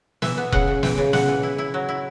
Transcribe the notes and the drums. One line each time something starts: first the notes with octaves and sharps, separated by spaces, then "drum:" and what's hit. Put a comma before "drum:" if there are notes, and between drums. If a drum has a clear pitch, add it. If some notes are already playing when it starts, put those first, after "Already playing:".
E3 E5, drum: snare
B3
C#3 F#5, drum: kick E1
C#3
E3 G5, drum: snare
C#3
C#3 F#5, drum: snare
E3
E4
E4
F#3
E4